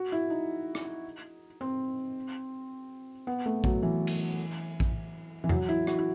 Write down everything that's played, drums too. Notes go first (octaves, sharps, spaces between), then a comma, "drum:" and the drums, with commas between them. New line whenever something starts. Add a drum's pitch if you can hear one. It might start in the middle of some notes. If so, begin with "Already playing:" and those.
Already playing: F#4
E4
D#4
drum: rim click
C4
B3
A3
F#3, drum: kick A#1
E3
drum: cymbal
drum: kick A#1
E3
F#3, drum: tom E2
E4
F#4, drum: rim click
E4